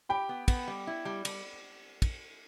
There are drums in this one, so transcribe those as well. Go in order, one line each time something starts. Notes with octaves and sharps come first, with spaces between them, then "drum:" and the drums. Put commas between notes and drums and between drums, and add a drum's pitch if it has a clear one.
G4 G5 B5
B3
B3, drum: kick, cymbal
G3
E4
G3
G3, drum: cymbal
drum: kick, cymbal